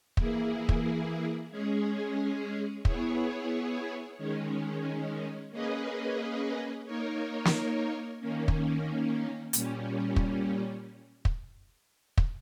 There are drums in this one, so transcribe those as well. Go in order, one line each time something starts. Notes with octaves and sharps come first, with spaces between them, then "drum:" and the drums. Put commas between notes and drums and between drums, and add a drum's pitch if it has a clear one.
E3 A#3 E4 G#4, drum: kick
drum: kick
G#3 C#4 G#4
B3 E4 G#4 C#5, drum: kick
D#3 G#3 C#4
A#3 C#4 G#4 B4 D#5
A#3 D#4 A#4 C#5
drum: snare
D#3 A#3 C#4
drum: kick
A#2 G3 C#4, drum: hi-hat
drum: kick
drum: kick
drum: kick